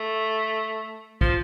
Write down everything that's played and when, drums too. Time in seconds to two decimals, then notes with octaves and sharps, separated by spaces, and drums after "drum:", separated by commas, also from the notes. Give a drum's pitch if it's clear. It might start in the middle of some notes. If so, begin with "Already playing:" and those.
Already playing: A3
1.21 F3, drum: kick